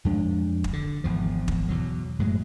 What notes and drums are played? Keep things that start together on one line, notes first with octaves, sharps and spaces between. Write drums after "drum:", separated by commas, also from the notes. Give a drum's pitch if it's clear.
F2 G#3 D4
drum: kick
D3
G#1 E2 F3
drum: kick
E2 B2 F#3
F#2 A2 F#3 G#3